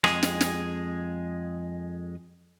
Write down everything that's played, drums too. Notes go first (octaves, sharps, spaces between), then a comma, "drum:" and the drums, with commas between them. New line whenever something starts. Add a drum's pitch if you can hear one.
F2 G#3 G#4, drum: rim click
drum: snare
drum: snare